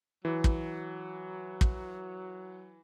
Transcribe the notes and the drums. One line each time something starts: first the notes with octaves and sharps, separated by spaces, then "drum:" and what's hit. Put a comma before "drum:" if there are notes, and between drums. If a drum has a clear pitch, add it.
E3 F#3
drum: kick
drum: kick